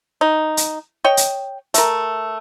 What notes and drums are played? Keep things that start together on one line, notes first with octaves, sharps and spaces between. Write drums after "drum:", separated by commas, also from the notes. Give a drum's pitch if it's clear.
D#4
drum: hi-hat
C#5 D#5 G5
drum: hi-hat
A3 A#4, drum: hi-hat